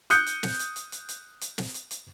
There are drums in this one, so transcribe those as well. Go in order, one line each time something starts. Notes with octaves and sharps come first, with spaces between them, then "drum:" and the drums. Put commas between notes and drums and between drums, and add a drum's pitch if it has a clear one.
D#6 F#6 G6 C#7, drum: hi-hat
drum: hi-hat
drum: snare
drum: hi-hat
drum: hi-hat
drum: hi-hat
drum: hi-hat
drum: hi-hat
drum: snare
drum: hi-hat
drum: hi-hat